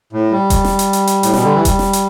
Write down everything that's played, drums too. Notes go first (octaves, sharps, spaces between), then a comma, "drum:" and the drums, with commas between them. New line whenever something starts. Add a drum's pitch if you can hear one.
A2
G3
drum: kick E1, hi-hat
drum: snare
drum: hi-hat
drum: hi-hat
drum: hi-hat
A2, drum: hi-hat
B2, drum: snare
D3
E3
G3, drum: kick E1, hi-hat
drum: snare
drum: hi-hat